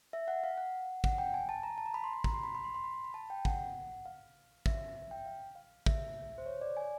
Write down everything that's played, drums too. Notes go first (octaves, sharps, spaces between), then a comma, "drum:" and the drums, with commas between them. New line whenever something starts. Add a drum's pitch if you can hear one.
E5
F#5
F5
F#5
F#5, drum: kick
G5
G#5
A5
A#5
A5
A#5
B5
C6
B5
A#5, drum: kick
C6
B5
B5
C6
C6
B5
B5
B5
A5
G5
F#5, drum: kick
F5
E5, drum: kick
E5
G5
F5
F5
E5, drum: kick
C5
C#5
D5
G#5